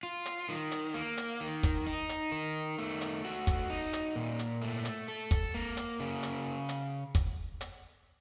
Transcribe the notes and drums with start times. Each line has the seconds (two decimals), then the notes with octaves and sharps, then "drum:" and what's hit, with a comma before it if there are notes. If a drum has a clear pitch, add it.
0.03 F4
0.26 drum: hi-hat
0.49 D#3
0.71 drum: hi-hat
0.94 A#3
1.17 drum: hi-hat
1.40 D#3
1.63 drum: kick, hi-hat
1.87 D#4
2.09 drum: hi-hat
2.32 D#3
2.79 A3
3.01 drum: hi-hat
3.24 F#4
3.47 drum: kick, hi-hat
3.70 D#4
3.93 drum: hi-hat
4.16 A#2
4.39 drum: hi-hat
4.62 A3
4.85 drum: hi-hat
5.08 A4
5.31 drum: kick, hi-hat
5.54 A#3
5.77 drum: hi-hat
6.00 C#3
6.23 drum: hi-hat
6.69 drum: hi-hat
7.15 drum: kick, hi-hat
7.61 drum: hi-hat